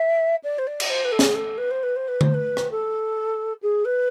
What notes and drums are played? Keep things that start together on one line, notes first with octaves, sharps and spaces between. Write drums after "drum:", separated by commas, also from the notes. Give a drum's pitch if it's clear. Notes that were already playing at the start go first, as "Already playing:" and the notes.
Already playing: E5
D5
C5
D5
drum: cymbal
C5
B4
A4
G#4, drum: snare
A4
B4
C5
B4
C5
B4
C5, drum: tom D3
B4
drum: rim click
A4
G#4
B4